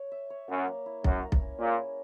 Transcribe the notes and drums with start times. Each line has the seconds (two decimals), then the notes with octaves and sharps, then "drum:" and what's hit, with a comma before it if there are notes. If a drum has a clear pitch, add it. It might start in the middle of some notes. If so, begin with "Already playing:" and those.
Already playing: C#5
0.12 E5
0.30 C#5
0.49 F#2 A#3
0.67 A#3
0.86 E4
1.04 F#2 A#4, drum: kick B1
1.23 A#4
1.32 drum: kick B1
1.42 C#4
1.60 A#2 G#4
1.78 E4